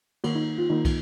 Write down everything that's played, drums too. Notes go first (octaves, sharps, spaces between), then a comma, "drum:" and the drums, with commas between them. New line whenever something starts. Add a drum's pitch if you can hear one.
D#3 A#3 F#4, drum: cymbal
D#4
F4
D#3 A#3 D#4
drum: kick, cymbal